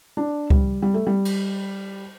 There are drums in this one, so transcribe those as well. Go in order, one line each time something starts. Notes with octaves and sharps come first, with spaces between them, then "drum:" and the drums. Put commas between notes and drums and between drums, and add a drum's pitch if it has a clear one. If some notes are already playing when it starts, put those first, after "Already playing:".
D4
G3, drum: kick C#2
G3
A3
G3
drum: cymbal